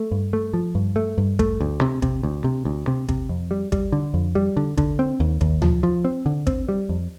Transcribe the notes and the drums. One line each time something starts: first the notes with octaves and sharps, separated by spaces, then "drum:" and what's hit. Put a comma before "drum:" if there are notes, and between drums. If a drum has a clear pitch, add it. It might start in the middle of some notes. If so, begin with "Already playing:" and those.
Already playing: A3
G2
A3
F3
G2
A3
G2
A3, drum: kick
D2
C3
C3, drum: kick
D2
C3
D2
C3
C3, drum: kick
F2
G3
G3, drum: kick
D3
F2
G3
D3
D3, drum: kick
C4
D#2
D#2, drum: kick
F3, drum: tom D2
F3
C4
D3
C4, drum: kick
G3
F2